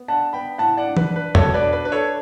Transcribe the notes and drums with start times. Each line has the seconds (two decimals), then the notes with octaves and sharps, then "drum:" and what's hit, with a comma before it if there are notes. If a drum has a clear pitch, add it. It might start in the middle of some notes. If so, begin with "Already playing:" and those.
Already playing: B3
0.08 D4 F#5 A5
0.33 B3 G5 B5
0.58 A2 F#5 A5
0.77 D5 F#5
0.84 D4
0.97 B4, drum: tom
1.09 D4
1.16 B4
1.35 B2 A4 C#5, drum: tom E2
1.54 B4 D5
1.61 D4
1.73 B4
1.85 D4 B4
1.92 A4 C#5